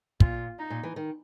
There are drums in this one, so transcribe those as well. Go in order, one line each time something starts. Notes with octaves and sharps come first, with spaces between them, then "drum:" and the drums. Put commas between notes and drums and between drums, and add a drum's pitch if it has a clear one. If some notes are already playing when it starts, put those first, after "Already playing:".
A#2 F4, drum: kick
D#4
A#2
E3
D#3